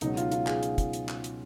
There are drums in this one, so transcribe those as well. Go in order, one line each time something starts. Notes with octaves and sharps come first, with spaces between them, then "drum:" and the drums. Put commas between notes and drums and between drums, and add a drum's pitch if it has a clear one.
C#2 B2 F#3 D#4, drum: hi-hat
F4, drum: hi-hat
F4, drum: hi-hat
G#4, drum: clap
drum: hi-hat
drum: kick, hi-hat
drum: hi-hat
drum: clap
drum: hi-hat